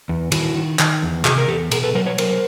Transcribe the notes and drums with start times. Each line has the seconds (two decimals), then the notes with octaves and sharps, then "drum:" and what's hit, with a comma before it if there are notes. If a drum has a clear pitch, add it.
0.09 E2
0.32 D#3 E4 F#4, drum: cymbal
0.55 D#3
0.79 D#3, drum: clap
1.02 E2
1.25 C3 F#4 G#4, drum: clap
1.38 A#4
1.48 E2 G4 A4
1.71 B2 G#4 A#4, drum: cymbal
1.83 A4 B4
1.95 F#3 A#4 C5
2.06 B4 C#5
2.18 F#3 A#4 C5, drum: cymbal